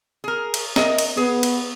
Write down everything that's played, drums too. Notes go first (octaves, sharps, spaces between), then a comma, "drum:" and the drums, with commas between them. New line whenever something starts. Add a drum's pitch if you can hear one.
G#4 A#4
drum: cymbal
A#4 D#5 E5, drum: snare
drum: cymbal
B3 G#4
drum: cymbal